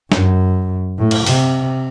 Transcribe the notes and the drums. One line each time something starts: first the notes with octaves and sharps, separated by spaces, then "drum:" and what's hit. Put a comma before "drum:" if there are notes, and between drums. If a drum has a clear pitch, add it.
F#2, drum: snare
A2
drum: cymbal
C3, drum: open hi-hat